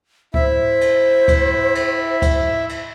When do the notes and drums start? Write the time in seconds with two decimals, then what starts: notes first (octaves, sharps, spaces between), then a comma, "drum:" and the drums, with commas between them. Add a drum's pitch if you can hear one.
0.34 E4 C5 E5, drum: kick C#2
0.81 drum: cymbal
1.28 drum: kick C#2, cymbal
1.75 drum: cymbal
2.22 drum: kick C#2, cymbal
2.69 drum: cymbal